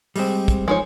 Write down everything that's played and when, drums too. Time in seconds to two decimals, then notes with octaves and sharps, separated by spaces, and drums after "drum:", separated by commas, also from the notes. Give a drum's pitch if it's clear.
0.16 G3 G#3 C4, drum: open hi-hat
0.48 drum: kick, hi-hat
0.68 F3 G#3 D#4 C#5